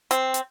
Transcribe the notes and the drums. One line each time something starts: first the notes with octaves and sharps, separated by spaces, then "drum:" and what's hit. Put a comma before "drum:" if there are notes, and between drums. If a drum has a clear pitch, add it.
C4, drum: hi-hat
drum: hi-hat